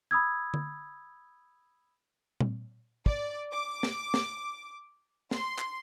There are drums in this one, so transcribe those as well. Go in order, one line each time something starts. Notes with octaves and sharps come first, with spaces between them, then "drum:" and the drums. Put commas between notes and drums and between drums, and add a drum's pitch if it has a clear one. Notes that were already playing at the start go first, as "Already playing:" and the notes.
B5 D#6 E6 G#6
drum: tom D3
drum: tom A#2
D5, drum: kick
D6
drum: snare
drum: snare
C6, drum: snare
drum: clap